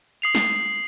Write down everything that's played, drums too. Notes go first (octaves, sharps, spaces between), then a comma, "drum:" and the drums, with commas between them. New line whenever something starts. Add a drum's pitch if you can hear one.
D#6 C7 F7
drum: snare